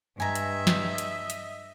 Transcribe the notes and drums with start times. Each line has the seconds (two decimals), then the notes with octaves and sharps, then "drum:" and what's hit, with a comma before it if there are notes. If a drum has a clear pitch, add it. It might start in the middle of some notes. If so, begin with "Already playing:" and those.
0.20 G2 D#5 E5 G#5 A#5
0.35 drum: hi-hat
0.67 drum: snare
0.98 drum: hi-hat
1.30 drum: hi-hat